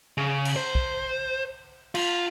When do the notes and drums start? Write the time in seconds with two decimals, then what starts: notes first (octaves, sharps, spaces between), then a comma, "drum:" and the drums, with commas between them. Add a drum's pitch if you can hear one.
0.17 C#3
0.45 drum: cymbal
0.56 C5
0.75 drum: kick
1.95 F4, drum: cymbal